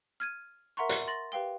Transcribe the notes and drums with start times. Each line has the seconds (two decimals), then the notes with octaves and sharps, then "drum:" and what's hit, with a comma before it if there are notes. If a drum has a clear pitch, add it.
0.20 F6 G#6 D#7
0.77 A#4 E5 F#5 A#5 C6 C#6
0.89 drum: hi-hat
1.07 C6 A6 A#6 F#7
1.32 G4 B4 F5 G5 G7